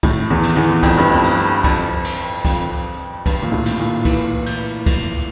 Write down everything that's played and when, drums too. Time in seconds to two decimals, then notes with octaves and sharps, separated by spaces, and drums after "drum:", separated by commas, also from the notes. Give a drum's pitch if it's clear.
0.03 A2, drum: kick, cymbal
0.30 E2
0.43 drum: cymbal
0.56 E2
0.83 F2, drum: kick, cymbal
0.97 G2
1.10 F2
1.24 drum: cymbal
1.64 F2, drum: kick, cymbal
2.04 drum: cymbal
2.45 F2, drum: kick, cymbal
3.26 G2, drum: kick, cymbal
3.42 A#2
3.52 A2
3.66 drum: cymbal
3.80 A#2
4.05 E3, drum: kick, cymbal
4.46 drum: cymbal
4.86 drum: kick, cymbal